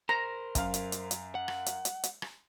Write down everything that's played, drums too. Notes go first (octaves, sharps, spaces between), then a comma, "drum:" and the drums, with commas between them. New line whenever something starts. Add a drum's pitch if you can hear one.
A#4 C5 A#5
F#2 F5, drum: kick, hi-hat
drum: hi-hat
drum: hi-hat
drum: hi-hat
F#5
drum: rim click
drum: hi-hat
drum: hi-hat
drum: hi-hat
drum: rim click